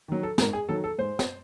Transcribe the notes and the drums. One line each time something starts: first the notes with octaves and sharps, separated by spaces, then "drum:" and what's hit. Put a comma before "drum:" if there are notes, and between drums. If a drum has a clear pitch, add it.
D#3 F#3
A4
G#2 A#4, drum: snare
G#4
D#3 F#3 A4
A4
G#2 C5
drum: snare